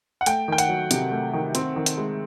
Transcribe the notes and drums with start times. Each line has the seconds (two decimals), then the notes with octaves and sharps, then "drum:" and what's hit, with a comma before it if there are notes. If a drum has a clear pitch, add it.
0.21 F#5
0.26 A3 G5, drum: hi-hat
0.48 D#3 G5
0.58 F#5, drum: hi-hat
0.69 F#3
0.91 C3, drum: hi-hat
1.12 A3
1.34 D#3
1.55 C4, drum: hi-hat
1.76 D#3
1.86 drum: hi-hat
1.98 G#3